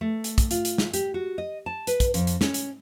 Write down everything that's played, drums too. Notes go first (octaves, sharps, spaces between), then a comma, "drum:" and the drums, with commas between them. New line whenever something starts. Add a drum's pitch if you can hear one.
A3
drum: hi-hat
drum: kick, hi-hat
F4, drum: hi-hat
drum: hi-hat
drum: snare
G4, drum: hi-hat
F#4
D#5
A5
B4, drum: hi-hat
drum: kick, hi-hat
F2, drum: hi-hat
drum: hi-hat
C#4, drum: snare
drum: hi-hat